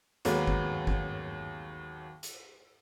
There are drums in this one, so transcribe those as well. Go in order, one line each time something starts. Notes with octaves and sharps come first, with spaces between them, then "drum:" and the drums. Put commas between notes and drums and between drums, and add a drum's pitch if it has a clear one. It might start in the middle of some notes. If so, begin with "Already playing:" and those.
D#2 F#3 G#3 A#3 B3, drum: hi-hat
drum: kick G1
drum: kick G1
drum: hi-hat